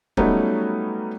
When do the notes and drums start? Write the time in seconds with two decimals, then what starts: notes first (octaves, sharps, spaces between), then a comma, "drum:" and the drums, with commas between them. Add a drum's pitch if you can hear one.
0.17 F#3 G3 A3 B3 C#4 D#4, drum: kick